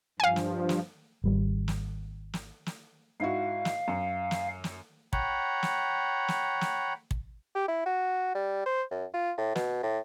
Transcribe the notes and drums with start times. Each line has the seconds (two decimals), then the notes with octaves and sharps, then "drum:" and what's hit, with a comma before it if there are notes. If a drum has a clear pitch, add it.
0.20 G2 F3 F5 G#5
0.36 drum: snare
0.69 drum: snare
1.24 G#1 G3
1.68 drum: snare
2.34 drum: snare
2.66 drum: snare
3.20 G#2 E4 F#4 F5
3.65 drum: snare
3.88 F#2
4.31 drum: snare
4.64 drum: snare
5.13 C#5 F#5 G5 A#5 B5, drum: kick
5.63 drum: snare
6.28 drum: snare
6.61 drum: snare
7.11 drum: kick
7.55 G4
7.68 E4
7.86 F#4
8.35 G3
8.66 C5
8.91 F#2
9.14 F4
9.38 A2
9.55 B2, drum: snare
9.83 A2